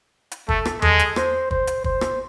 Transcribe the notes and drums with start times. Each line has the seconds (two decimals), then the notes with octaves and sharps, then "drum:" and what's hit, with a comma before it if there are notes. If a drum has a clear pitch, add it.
0.31 drum: hi-hat
0.49 A3 A4, drum: kick
0.65 drum: rim click
0.82 G#3 A4, drum: tom E2
0.99 drum: hi-hat
1.16 C5, drum: rim click
1.51 C5, drum: kick
1.67 drum: hi-hat
1.84 C5, drum: kick
2.01 drum: rim click